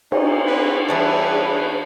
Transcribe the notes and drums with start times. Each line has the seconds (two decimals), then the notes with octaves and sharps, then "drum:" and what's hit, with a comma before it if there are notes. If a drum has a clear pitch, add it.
0.12 D#4, drum: cymbal
0.47 C4 B4
0.88 E2 G3 D4 G#4 B4 C#5 D5 E5